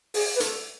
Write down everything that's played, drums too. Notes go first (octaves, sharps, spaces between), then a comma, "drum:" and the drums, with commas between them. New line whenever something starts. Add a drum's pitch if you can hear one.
G#4, drum: open hi-hat
B4
A4, drum: hi-hat